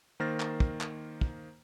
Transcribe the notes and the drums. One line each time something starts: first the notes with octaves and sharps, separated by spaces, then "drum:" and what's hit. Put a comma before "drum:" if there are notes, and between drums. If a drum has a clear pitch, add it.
D#3 A#3 C5 F6 A6 A#6
drum: clap
drum: kick
drum: clap
drum: kick